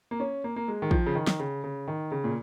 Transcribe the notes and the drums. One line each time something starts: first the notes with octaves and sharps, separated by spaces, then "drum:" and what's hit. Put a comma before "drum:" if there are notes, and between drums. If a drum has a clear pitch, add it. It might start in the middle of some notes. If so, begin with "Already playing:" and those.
A#3
C#4
A#3
A#3
G#3
D#3
F3, drum: kick
C#3
D#3
drum: snare
C#3
C#3
D#3
C#3
A#2